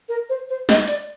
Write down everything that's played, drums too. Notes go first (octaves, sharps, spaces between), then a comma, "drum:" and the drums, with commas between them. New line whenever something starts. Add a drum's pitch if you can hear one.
A#4
C5
C5
D#5, drum: snare
D5, drum: hi-hat